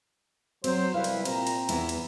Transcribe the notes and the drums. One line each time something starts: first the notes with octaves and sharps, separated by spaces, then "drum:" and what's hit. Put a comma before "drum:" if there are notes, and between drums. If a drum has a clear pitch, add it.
F#3 C4 C5, drum: cymbal
C2 E4 B4 F5
drum: cymbal
A#2 C4 A#5, drum: cymbal
drum: cymbal
E2 B3 E4, drum: cymbal
drum: cymbal